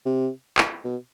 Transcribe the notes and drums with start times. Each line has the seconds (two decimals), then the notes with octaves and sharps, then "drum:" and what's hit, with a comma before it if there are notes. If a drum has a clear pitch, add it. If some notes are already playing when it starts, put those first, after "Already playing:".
0.05 C3
0.58 drum: clap
0.84 B2